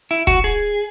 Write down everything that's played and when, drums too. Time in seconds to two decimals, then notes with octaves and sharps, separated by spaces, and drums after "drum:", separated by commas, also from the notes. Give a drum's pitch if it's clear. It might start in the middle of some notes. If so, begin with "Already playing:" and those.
0.11 E4
0.27 F#4, drum: kick
0.44 G#4